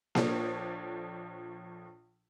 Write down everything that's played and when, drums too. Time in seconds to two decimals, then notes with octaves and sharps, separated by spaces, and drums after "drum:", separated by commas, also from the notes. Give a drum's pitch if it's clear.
0.15 A#1 F3 D4 A4 C#5, drum: snare A#3